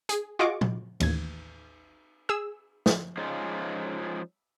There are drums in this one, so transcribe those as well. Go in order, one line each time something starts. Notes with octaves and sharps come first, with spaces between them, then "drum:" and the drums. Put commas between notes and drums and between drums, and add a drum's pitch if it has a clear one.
G#4, drum: hi-hat
F4 F#4 G#4 D#5 C#6 D6
drum: tom A#2
A1 D#2 G#6, drum: cymbal
G#4 E6
drum: snare
F3 G#3 C#4 D#4 F4